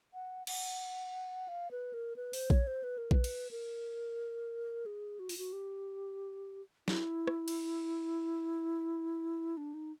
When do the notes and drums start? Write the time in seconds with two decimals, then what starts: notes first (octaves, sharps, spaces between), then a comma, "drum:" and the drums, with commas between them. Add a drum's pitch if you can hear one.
0.14 F#5
0.47 F#5, drum: cymbal
1.48 F5
1.71 B4
1.93 A#4
2.16 B4
2.33 C5, drum: open hi-hat
2.50 C#5, drum: kick A#1
2.67 C5
2.83 B4
2.98 A#4
3.11 B4, drum: kick A#1
3.24 drum: cymbal
3.51 A#4
4.86 G#4
5.19 F#4
5.29 F4, drum: open hi-hat
5.38 F#4
5.53 G4
6.88 E4, drum: snare
7.27 drum: rim click
7.48 drum: cymbal
9.57 D4
9.74 D#4